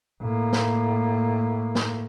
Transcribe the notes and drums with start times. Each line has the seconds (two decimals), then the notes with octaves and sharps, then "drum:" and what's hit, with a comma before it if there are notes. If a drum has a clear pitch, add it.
0.22 A2 A#3
0.52 drum: snare
1.75 drum: snare